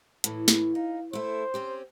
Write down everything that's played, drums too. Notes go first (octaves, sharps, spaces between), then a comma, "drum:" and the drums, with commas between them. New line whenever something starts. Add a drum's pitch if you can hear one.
A2 E3, drum: hi-hat
drum: snare
D#4 F5
A3 E4 C5
C4 C#4 G4